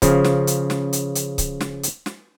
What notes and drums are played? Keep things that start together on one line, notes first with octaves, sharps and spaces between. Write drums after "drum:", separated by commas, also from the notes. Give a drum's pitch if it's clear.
C#3 F3, drum: kick C#1, hi-hat
drum: snare
drum: hi-hat
drum: snare
drum: hi-hat
drum: hi-hat
drum: kick C#1, hi-hat
drum: snare
drum: hi-hat
drum: snare